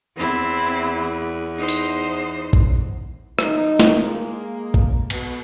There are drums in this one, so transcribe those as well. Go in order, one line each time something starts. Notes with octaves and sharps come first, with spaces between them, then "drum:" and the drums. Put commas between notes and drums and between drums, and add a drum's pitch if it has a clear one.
E2 C4 E4
D#4 C5
drum: open hi-hat
drum: kick
F#2 F3 D#4, drum: rim click
drum: snare
G#3 A#3
drum: kick
B2 B3, drum: cymbal